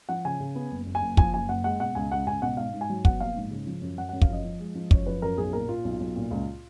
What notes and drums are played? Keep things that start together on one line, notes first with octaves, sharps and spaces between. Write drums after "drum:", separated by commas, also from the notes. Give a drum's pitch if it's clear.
F3 F#5
C#3 G#5
C#3
B3
F#1
F#1
G#5
F#1
F3 G#5, drum: kick
F#1 G#5
F#1 F#5
G#3 F#5
B2 F#5
C#2 G#5
C#2 F#5
C#2 G#5
B2 F#5
G#2 F5
G#2
G#5
F#3
B3 F#5, drum: kick
A#1 F5
G#2
C#3
F3
F#2
F#2 F#5
F#2 F#5
F5, drum: kick
F3 D#5
F3
G#3
F3
F#2 C#5, drum: kick
F3 B4
F#2 A#4
B1 G#4
A#2 A#4
A#2 F4
B1
B1
A#2
C#2